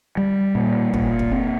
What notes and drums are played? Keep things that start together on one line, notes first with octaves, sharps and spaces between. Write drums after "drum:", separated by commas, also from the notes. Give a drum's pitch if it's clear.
G3
A#2
A#2, drum: kick
drum: kick
C4